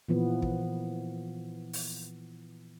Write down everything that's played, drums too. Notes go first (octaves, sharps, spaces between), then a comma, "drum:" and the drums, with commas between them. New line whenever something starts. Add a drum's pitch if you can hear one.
A#2 E3 F3 B3
drum: kick
drum: open hi-hat